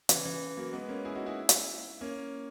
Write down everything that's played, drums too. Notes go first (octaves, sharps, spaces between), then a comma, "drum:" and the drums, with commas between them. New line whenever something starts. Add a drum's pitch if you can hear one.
C#3 E3, drum: hi-hat
C#3 E3
F#3 A#3
G#3 B3
A#3 C#4
E4 G#4
D#4 F#4
E4 G#4
drum: hi-hat
A#3 C#4